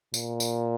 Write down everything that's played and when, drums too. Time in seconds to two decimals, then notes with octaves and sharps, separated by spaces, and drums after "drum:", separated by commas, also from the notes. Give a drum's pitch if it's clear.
0.14 A#2, drum: tambourine
0.40 drum: tambourine